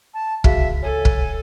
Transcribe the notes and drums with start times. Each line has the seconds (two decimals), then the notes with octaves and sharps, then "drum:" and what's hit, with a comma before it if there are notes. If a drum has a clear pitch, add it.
0.14 A5
0.44 C#2 F#4 G#4 E5 F5, drum: kick
0.83 A4 C#5 G#5
1.05 drum: kick